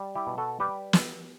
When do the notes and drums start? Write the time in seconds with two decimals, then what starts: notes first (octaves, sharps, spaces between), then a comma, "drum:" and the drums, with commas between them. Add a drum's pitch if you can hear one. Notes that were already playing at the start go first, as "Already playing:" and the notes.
Already playing: G3
0.15 E4 G4
0.27 B2
0.38 F#4 A4
0.60 G3 G4 B4
0.93 drum: snare